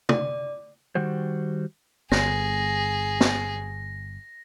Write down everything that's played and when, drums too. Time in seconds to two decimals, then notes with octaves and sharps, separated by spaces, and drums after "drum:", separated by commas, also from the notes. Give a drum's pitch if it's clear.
0.09 D5, drum: tom
0.95 D#3 G3 F#4 C5
2.12 G1 G#4 A#6, drum: snare
3.21 drum: snare